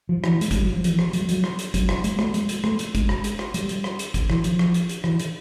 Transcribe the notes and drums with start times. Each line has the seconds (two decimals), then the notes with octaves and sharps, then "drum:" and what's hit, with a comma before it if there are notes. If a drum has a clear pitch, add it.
0.09 F3
0.24 E3, drum: rim click
0.41 G#3, drum: hi-hat
0.51 G3, drum: kick, hi-hat
0.63 F#3
0.73 F3
0.84 E3, drum: hi-hat
0.99 drum: rim click
1.13 F#3, drum: hi-hat
1.21 G3
1.29 F#3, drum: hi-hat
1.44 drum: rim click
1.59 drum: hi-hat
1.74 F#3, drum: kick, hi-hat
1.89 drum: rim click
2.04 G#3, drum: hi-hat
2.19 A3, drum: rim click
2.34 G#3, drum: hi-hat
2.49 drum: hi-hat
2.64 A3, drum: rim click
2.79 drum: hi-hat
2.95 G#3, drum: kick, hi-hat
3.09 drum: rim click
3.24 drum: hi-hat
3.39 drum: rim click
3.54 G3, drum: hi-hat
3.69 drum: hi-hat
3.84 drum: rim click
3.99 drum: hi-hat
4.14 drum: kick, hi-hat
4.30 E3, drum: rim click
4.44 F3, drum: hi-hat
4.59 drum: rim click
4.74 drum: hi-hat
4.89 drum: hi-hat
5.04 E3, drum: rim click
5.19 drum: hi-hat